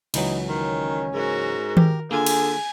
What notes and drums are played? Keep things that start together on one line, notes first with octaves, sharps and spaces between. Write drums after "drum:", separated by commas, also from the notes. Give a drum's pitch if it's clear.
C#2 E3 F#3 D#4, drum: cymbal
D#3 C#4
G#2 F#4 A#4
G4 A#4, drum: tom D#3
D3 A#3 F4 G#4 G#5
drum: cymbal